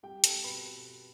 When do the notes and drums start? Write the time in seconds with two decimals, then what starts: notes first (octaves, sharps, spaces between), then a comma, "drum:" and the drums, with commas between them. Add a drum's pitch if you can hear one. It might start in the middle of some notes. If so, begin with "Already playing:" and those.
0.03 G3 G4 G5
0.24 G3 A4 A5, drum: hi-hat
0.44 B2 B4 B5